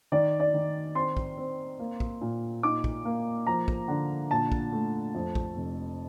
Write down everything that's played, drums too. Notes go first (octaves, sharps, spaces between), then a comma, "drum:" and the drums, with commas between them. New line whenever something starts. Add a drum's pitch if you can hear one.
D#3 D5
D5
D#3
C4 C6
drum: kick
C4
A#3
drum: kick
A#2
D#4 D6
drum: kick
A#3
F3 A#5
drum: kick
D3
A#2 A5
drum: kick
A3
F2
drum: kick
F1